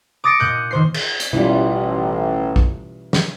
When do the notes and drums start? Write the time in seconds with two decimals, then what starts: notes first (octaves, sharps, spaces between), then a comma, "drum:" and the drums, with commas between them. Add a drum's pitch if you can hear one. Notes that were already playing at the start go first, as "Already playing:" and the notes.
0.24 D6 D#6 A6 A#6 C#7 D7
0.39 A#2 F#6 G6 D#7
0.71 D#3 C5 C7
0.94 drum: cymbal
1.20 drum: hi-hat
1.33 A1 B2 E3 G3 C#4 F4
2.56 drum: kick
3.13 drum: snare